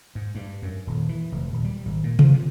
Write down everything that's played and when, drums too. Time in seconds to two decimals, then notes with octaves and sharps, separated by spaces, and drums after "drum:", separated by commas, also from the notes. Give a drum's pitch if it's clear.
0.15 G#2
0.35 G2
0.62 F#2
0.87 D#1
1.09 E3
1.32 F1
1.53 D#1
1.64 G3
1.86 G#1
2.04 A#2
2.19 F3, drum: tom C3
2.34 C3